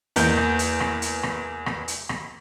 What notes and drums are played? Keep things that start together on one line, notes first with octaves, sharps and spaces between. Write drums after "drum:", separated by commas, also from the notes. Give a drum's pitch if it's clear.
E2 A#3 A#4 G6, drum: hi-hat
drum: rim click
drum: hi-hat
drum: rim click
drum: hi-hat
drum: rim click
drum: rim click
drum: hi-hat
drum: rim click